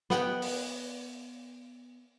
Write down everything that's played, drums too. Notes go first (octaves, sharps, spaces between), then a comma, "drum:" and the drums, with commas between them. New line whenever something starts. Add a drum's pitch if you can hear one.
B3 D#5 F#5 G5, drum: snare
drum: open hi-hat